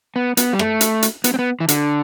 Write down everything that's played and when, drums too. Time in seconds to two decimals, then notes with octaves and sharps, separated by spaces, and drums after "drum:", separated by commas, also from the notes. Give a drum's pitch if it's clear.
0.16 B3
0.37 B3, drum: hi-hat
0.53 G3
0.59 A3, drum: rim click
0.81 drum: hi-hat
1.02 drum: hi-hat
1.24 B3, drum: hi-hat
1.34 C4
1.39 B3
1.60 E3
1.69 D3, drum: hi-hat